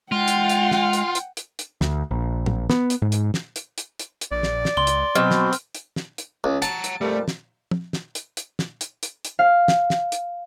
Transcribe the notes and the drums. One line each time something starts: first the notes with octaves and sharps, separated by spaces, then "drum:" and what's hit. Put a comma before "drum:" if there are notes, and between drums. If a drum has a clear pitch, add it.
G#3 F4 F#5 G5
drum: hi-hat
drum: hi-hat
drum: snare
drum: hi-hat
drum: hi-hat
drum: hi-hat
drum: hi-hat
D2, drum: snare
A#1
drum: tom
B3, drum: snare
drum: hi-hat
G#2
drum: hi-hat
drum: snare
drum: hi-hat
drum: hi-hat
drum: hi-hat
drum: hi-hat
A#1 D5
drum: snare
drum: snare
C#2 C6 G7
drum: hi-hat
B2 F#3 C4 F6
drum: snare
drum: hi-hat
drum: hi-hat
drum: snare
drum: hi-hat
C#2
F#5 A5 A#5, drum: hi-hat
drum: hi-hat
F2 A#2 G3 A3
drum: snare
drum: tom
drum: snare
drum: hi-hat
drum: hi-hat
drum: snare
drum: hi-hat
drum: hi-hat
drum: hi-hat
F5
drum: snare
drum: snare
drum: hi-hat